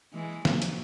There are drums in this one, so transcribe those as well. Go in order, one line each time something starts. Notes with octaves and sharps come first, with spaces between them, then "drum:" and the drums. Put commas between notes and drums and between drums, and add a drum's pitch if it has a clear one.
E3 G#3
F#3 A#3, drum: snare
drum: hi-hat